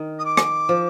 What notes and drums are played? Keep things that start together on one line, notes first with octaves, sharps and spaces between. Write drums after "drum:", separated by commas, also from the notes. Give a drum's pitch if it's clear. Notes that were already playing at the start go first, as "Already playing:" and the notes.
Already playing: D#3
D#6
D6
drum: rim click
F3